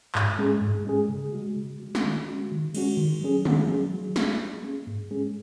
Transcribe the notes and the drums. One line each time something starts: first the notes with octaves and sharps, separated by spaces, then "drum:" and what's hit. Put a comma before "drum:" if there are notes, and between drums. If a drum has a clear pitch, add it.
G#2, drum: clap
G#3 C#4 G#4
G#2
G#3 C#4 G#4
C#3
G#3 F#4
C#3
G#3 F#4
drum: snare
D#3
G#3 C#4 F#4
D#3
G#3 C#4 F#4, drum: cymbal
D#3
F#3 C#4 G#4
D#3, drum: tom
F#3 C#4 G#4
F#3
A#3 C#4 G#4, drum: snare
F#3
A#3 C#4 G#4
G#2
G#3 C#4 G#4